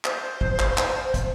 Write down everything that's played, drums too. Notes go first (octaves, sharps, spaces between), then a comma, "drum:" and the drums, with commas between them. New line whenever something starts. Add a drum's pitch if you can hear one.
C5, drum: clap
drum: kick
drum: clap
drum: clap
drum: kick, hi-hat